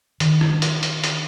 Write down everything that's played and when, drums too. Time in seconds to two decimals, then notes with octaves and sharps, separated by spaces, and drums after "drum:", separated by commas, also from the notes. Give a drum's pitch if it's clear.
0.20 D#3, drum: hi-hat
0.41 drum: rim click
0.62 drum: hi-hat
0.83 drum: hi-hat
1.04 drum: hi-hat